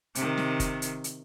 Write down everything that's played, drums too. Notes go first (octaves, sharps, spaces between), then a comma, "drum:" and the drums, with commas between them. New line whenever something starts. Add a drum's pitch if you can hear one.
C3 D#3, drum: hi-hat
drum: snare
drum: kick F#1, hi-hat
drum: hi-hat
drum: hi-hat